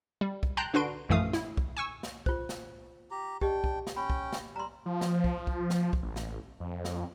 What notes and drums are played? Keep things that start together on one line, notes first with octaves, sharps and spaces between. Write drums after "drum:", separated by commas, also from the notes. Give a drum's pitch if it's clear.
G3
drum: kick
G5 A5 A#5 C6 F#6 G6
D3 D4 F#4 B4 C6 D7
A#1 F#2 E3 A3 F5 D#6
E4, drum: snare
drum: kick
G#5 C#6 E6
drum: snare
F4 C5, drum: kick
drum: snare
G4 A#5
D4 G4 D#5 G5, drum: kick
drum: kick
drum: snare
C#4 G5 B5
drum: kick
drum: snare
G3 A#5 C6
F3
drum: snare
drum: kick
drum: kick
drum: snare
drum: kick
A1
drum: snare
F2
drum: snare